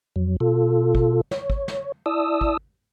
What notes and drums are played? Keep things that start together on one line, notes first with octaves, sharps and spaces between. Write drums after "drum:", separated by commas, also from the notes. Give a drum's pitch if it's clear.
F2 F#3
B2 F4 A4
drum: kick
C#5, drum: snare
drum: kick
drum: snare
E4 D5 A5 D#6 E6
drum: kick